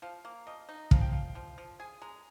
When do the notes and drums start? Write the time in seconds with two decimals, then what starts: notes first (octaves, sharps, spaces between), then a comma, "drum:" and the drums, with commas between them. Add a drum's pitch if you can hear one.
0.02 F3 F5
0.25 A#3
0.47 F3 D#5
0.69 D#4
0.91 F3 F5, drum: kick
1.01 G5
1.12 F3 F5
1.35 F3
1.58 F3
1.80 G#4 G#5
2.02 G#3 A#5